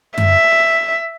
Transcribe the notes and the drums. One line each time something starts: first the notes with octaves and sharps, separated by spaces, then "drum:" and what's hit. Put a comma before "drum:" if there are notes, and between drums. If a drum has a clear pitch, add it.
E5, drum: tom F#2